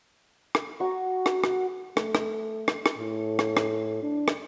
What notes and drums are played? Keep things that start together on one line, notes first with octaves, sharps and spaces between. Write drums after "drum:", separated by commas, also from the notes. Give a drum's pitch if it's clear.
drum: rim click
F#4 A#5 C#6
drum: rim click
drum: rim click
A3, drum: rim click
drum: rim click
drum: rim click
drum: rim click
A2
drum: rim click
drum: rim click
D4
drum: rim click